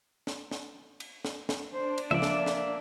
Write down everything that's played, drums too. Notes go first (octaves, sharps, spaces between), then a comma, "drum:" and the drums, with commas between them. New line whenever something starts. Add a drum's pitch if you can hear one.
drum: snare
drum: snare
drum: cymbal
drum: snare
drum: snare
D4 C5
drum: cymbal
C#2 F3 A#3 D5 E5
drum: snare
drum: snare